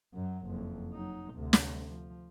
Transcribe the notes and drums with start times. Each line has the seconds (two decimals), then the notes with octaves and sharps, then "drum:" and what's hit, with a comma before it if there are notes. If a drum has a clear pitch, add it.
0.15 F#2 F#3
0.47 F#1 F2
0.92 F#3 D#4
1.34 D2 C3
1.53 drum: snare
1.89 F3